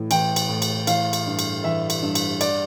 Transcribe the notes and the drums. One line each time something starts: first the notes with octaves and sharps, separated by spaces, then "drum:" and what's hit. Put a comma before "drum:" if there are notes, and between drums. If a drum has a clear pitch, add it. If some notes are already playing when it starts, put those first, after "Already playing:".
Already playing: A2 E3
E3 G5, drum: cymbal
drum: cymbal
A2
drum: cymbal
E3 F5, drum: cymbal
drum: cymbal
G2
drum: cymbal
E3 E5
drum: cymbal
G2
drum: cymbal
D5, drum: cymbal